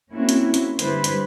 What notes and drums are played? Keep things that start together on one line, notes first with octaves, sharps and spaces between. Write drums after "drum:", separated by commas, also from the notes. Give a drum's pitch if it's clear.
A#3 C4 C#4 E4 F#4
drum: hi-hat
drum: hi-hat
D3 G3 E4 B4 C5, drum: hi-hat
drum: hi-hat